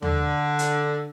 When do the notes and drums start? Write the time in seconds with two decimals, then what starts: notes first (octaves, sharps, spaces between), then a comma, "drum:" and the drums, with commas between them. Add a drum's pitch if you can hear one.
0.02 D3, drum: tom D#2
0.59 drum: hi-hat